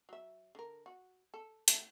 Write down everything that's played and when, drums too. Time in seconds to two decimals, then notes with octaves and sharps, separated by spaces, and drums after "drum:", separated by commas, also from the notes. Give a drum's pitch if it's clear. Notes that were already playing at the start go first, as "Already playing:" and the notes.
0.09 F#3 E5
0.55 D3 A#4
0.86 F#4
1.34 A4
1.68 A3, drum: hi-hat